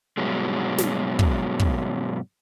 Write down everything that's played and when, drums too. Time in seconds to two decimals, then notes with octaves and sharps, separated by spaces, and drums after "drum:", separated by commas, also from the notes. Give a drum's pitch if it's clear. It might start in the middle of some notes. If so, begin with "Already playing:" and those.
0.17 G2 B2 F#3 G#3
0.78 drum: snare
1.19 drum: kick
1.59 drum: kick